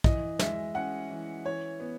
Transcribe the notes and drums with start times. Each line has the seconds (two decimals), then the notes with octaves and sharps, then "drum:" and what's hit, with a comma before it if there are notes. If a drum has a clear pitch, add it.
0.04 E3 D#5, drum: kick
0.39 G#3 E5, drum: snare
0.74 C#4 F#5
1.10 E3
1.45 E3 C#5
1.80 B3